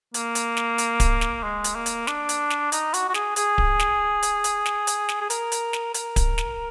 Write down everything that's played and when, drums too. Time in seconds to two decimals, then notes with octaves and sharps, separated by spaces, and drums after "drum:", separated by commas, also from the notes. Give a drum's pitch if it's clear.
0.14 A#3, drum: hi-hat
0.35 drum: hi-hat
0.57 drum: snare
0.78 drum: hi-hat
1.00 drum: kick D1, hi-hat
1.21 drum: snare
1.43 G#3
1.64 drum: hi-hat
1.75 A#3
1.86 drum: hi-hat
2.07 D4, drum: snare
2.29 drum: hi-hat
2.50 drum: snare
2.72 D#4, drum: hi-hat
2.94 F#4, drum: hi-hat
3.09 F#4
3.14 G#4, drum: snare
3.36 G#4, drum: hi-hat
3.58 drum: kick D1
3.79 drum: snare
4.22 drum: hi-hat
4.44 drum: hi-hat
4.66 drum: snare
4.87 drum: hi-hat
5.09 drum: snare
5.21 G#4
5.30 A#4, drum: hi-hat
5.52 drum: hi-hat
5.73 drum: snare
5.94 A#4, drum: hi-hat
6.16 drum: kick D1, hi-hat
6.38 drum: snare